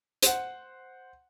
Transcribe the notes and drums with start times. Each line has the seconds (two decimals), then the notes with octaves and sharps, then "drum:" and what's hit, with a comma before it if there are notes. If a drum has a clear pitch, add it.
0.23 C5 F#5, drum: hi-hat